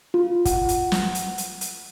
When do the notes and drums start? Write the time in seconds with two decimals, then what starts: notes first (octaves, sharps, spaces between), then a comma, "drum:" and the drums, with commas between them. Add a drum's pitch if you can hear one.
0.14 F4
0.45 F#5, drum: kick, hi-hat
0.69 drum: hi-hat
0.92 drum: snare
1.15 drum: hi-hat
1.38 drum: hi-hat
1.61 drum: hi-hat